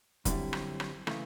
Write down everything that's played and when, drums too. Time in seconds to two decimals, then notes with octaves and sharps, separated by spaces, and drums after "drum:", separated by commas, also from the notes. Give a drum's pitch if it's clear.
0.25 F#2 D3 G3 C4 E4, drum: kick F1, hi-hat
0.53 drum: rim click
0.80 drum: rim click
1.07 C#3 E3 A3, drum: rim click